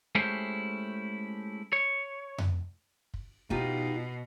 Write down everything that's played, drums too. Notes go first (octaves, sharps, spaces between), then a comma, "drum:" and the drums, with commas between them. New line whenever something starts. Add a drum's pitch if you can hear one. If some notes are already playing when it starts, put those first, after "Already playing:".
G#3 A3 C#4 E4 G4 C5
C#5
drum: tom F2
drum: kick
B2 D#4 F4 G4, drum: kick